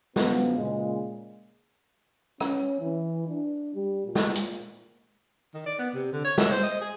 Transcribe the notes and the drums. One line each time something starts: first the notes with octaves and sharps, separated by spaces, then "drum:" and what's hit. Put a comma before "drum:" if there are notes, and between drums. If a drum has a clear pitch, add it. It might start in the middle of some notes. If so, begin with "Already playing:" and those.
F#2 D3 F3 F#3 B3, drum: snare
A#2 C#3 G#3
C#4, drum: rim click
E3
D4
G3
A#2
drum: snare
drum: hi-hat
D#3
D5
B3
C3
D3
C#5
E5, drum: snare
C5
D#5, drum: tambourine
G#4